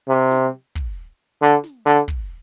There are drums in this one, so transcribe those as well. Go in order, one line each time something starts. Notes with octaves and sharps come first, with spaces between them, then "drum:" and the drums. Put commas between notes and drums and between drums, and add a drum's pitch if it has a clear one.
C3
drum: snare
drum: kick
D3
drum: snare
D3
drum: kick